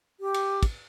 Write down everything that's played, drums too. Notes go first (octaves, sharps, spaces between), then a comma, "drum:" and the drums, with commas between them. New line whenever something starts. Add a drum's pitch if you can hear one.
G4
drum: cymbal
drum: kick, cymbal